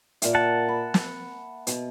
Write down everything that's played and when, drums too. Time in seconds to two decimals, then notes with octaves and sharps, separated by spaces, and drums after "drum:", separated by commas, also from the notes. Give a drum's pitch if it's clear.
0.22 A#2 A#4 E5, drum: hi-hat
0.35 F#5 A5
0.68 B5
0.94 drum: snare
1.67 B2, drum: hi-hat